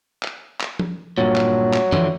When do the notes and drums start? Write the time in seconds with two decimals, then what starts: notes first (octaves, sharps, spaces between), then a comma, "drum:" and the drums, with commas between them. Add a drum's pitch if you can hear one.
0.23 drum: clap
0.61 drum: clap
0.79 drum: tom F3
1.18 G2 A#2 F#3
1.36 drum: clap
1.74 drum: clap
1.92 D3 E3 F3, drum: tom